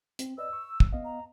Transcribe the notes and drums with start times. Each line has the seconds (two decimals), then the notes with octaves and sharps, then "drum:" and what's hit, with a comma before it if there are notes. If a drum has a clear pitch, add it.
0.19 C4, drum: hi-hat
0.38 B4 D5 D#5 E6
0.53 C#6
0.80 drum: kick
0.93 B3 D#5 F5
1.04 A#5